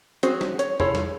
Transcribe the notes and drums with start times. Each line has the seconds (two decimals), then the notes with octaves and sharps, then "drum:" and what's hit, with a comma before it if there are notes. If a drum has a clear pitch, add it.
0.23 C4 C#4 F#4 G#4 C5, drum: hi-hat
0.41 drum: snare
0.59 C#5, drum: hi-hat
0.80 E4 F4 G#4 A4 C#5, drum: tom E2
0.95 drum: snare